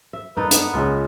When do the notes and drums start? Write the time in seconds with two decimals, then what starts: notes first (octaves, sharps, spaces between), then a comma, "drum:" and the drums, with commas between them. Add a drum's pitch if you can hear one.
0.13 E5
0.37 G2 A#3 D#4 A4 B4
0.51 B3, drum: hi-hat
0.74 C#2 C#3 F4 E5